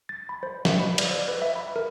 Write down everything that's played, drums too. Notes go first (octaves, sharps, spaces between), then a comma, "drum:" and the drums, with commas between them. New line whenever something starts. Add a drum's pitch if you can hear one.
A6
B5
C5
E5, drum: snare
B5
D5, drum: cymbal
C5
B4
E5
B5
A#4